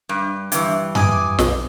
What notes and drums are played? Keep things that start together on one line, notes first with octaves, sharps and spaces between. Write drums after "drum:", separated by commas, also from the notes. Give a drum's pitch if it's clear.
G2
G2 E3, drum: hi-hat
G#5 D6 D#6, drum: tom F#2
B1, drum: snare